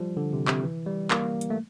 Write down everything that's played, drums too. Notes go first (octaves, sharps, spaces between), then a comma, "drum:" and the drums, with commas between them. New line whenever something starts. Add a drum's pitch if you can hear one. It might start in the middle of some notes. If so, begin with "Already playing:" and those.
Already playing: F3 G3
D3
C3
C3, drum: clap
E3
G3
A#3, drum: clap
drum: hi-hat
A3